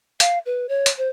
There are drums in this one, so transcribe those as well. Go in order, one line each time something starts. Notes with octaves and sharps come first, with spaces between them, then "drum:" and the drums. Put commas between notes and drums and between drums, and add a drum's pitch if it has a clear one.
F5, drum: hi-hat
B4
C#5
drum: hi-hat
C5